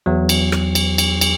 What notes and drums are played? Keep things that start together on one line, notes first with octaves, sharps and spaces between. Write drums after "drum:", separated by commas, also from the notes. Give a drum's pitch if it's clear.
E2 F#3
drum: cymbal
drum: rim click
drum: cymbal
drum: cymbal
drum: cymbal